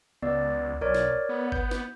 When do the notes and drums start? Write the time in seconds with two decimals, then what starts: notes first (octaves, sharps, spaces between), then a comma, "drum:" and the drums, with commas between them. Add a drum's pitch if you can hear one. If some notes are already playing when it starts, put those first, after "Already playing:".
0.22 C#2 B3 D5
0.81 B1 A#4 C#5 D5
0.95 drum: snare
1.29 B3
1.52 G6, drum: kick G#1
1.71 drum: snare